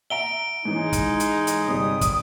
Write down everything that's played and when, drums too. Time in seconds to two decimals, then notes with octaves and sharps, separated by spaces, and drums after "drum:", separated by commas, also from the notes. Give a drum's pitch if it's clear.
0.10 E5 F#5 A#5 D7 G7
0.65 G#2 E3 G#3 C#4 D#4
0.93 drum: kick, hi-hat
1.20 drum: hi-hat
1.47 drum: hi-hat
1.67 G1 C3 G3 D#6
2.01 drum: kick, hi-hat